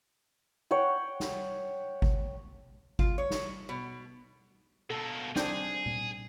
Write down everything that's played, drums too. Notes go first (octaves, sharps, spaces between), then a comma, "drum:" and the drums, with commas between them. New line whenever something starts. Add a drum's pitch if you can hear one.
C#5 F#5 G5
drum: snare
drum: kick G#1
F4, drum: kick G#1
C#5
drum: snare
B2
B2 A#3 A4
C4 D4 G#4 G5, drum: snare
drum: tom A#2